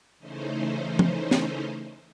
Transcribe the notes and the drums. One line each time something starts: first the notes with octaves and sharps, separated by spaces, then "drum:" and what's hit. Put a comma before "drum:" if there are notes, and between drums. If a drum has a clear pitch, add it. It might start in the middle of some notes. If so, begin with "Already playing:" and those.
C#3 E3 A3 C#4 D#4 C5
drum: tom F3
drum: snare